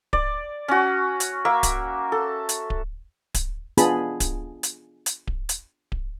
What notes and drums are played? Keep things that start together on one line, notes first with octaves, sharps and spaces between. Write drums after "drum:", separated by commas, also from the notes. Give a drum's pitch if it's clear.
D5, drum: kick D1
C#4 F#4
drum: hi-hat
A#3 E5
drum: kick D1, hi-hat
A4
drum: hi-hat
drum: kick D1
drum: kick D1, hi-hat
B3 D4 F4 G#4 A5 B5, drum: hi-hat
drum: kick D1, hi-hat
drum: hi-hat
drum: hi-hat
drum: kick D1
drum: hi-hat
drum: kick D1